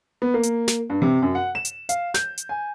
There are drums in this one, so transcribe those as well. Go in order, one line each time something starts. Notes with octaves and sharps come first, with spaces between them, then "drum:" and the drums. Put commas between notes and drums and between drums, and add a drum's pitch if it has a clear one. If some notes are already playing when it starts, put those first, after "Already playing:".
B3
A#3
drum: hi-hat
drum: snare
G2
C3
F#2
F#5
E7
drum: hi-hat
F5, drum: hi-hat
G6, drum: snare
drum: hi-hat
G#5